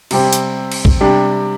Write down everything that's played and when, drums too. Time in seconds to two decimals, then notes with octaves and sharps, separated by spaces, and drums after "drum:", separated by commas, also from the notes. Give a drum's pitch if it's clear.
0.11 C3 G3 C4 G4, drum: cymbal
0.33 drum: hi-hat
0.72 drum: cymbal
0.85 drum: kick
1.01 C3 G3 D4 G4